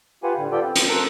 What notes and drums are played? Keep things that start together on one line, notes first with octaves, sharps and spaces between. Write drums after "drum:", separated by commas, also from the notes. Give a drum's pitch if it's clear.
F4 G4 B4 C5 F#5 G#5
A2 D3 G3
B3 F4 G4 A4 D5 G5
C4
drum: hi-hat
A4 A#4 C5 F#6